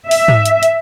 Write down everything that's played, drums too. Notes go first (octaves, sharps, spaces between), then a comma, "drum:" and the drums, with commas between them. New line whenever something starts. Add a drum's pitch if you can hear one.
E5, drum: open hi-hat
drum: tom G#2
drum: hi-hat
drum: hi-hat